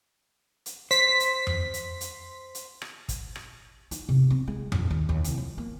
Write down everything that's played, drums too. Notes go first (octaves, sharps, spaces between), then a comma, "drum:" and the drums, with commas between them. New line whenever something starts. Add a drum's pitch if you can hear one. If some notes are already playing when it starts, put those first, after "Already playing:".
drum: hi-hat
C5 B6, drum: hi-hat
drum: hi-hat
drum: tom F2
drum: hi-hat
drum: hi-hat
drum: hi-hat
drum: rim click
drum: kick, hi-hat
drum: rim click
D#4, drum: hi-hat
C3
C4
G#3
A#1, drum: tom F2
D#2
D#2
C2, drum: hi-hat
F3
A#3